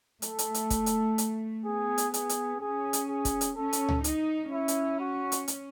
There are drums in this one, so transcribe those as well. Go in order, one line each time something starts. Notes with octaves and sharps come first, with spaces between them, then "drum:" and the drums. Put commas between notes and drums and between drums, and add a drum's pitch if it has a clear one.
A3 A4, drum: hi-hat
drum: hi-hat
drum: hi-hat
drum: kick, hi-hat
drum: hi-hat
drum: hi-hat
B3 G#4
drum: hi-hat
G#4, drum: hi-hat
drum: hi-hat
C#4 G#4
drum: hi-hat
G#4
drum: kick, hi-hat
drum: hi-hat
C#4 A4
drum: hi-hat
drum: tom C#2
D#4, drum: hi-hat
C#4 E4
drum: hi-hat
F#4
drum: hi-hat
drum: hi-hat